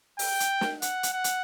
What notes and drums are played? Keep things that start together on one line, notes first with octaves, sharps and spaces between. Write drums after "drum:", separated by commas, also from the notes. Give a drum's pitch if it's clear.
G5, drum: open hi-hat
drum: hi-hat
drum: snare
F#5, drum: hi-hat
drum: hi-hat
F#5
drum: hi-hat